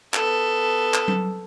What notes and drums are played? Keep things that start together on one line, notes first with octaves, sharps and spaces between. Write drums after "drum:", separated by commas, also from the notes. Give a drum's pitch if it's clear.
B3 A4, drum: clap
drum: clap
drum: tom F#3